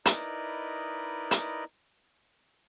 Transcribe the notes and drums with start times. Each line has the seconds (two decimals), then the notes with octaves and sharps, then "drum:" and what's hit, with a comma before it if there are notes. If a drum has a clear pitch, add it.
0.05 D#4 E4 A#4 B4 D5 D#5, drum: hi-hat
1.31 drum: hi-hat